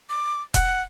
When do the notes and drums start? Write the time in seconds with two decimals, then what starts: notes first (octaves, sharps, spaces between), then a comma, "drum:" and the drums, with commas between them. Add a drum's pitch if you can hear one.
0.09 D6
0.54 F#5, drum: kick E1, hi-hat